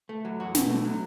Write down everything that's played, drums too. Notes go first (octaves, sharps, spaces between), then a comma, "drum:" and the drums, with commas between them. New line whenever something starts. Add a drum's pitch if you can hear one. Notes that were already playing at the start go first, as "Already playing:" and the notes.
A3
F#3
E2 F#4
B2, drum: snare
A3
F#3